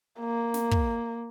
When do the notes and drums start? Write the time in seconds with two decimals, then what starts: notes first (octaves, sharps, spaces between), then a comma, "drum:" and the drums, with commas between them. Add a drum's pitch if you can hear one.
0.19 A#3
0.54 drum: snare
0.71 drum: kick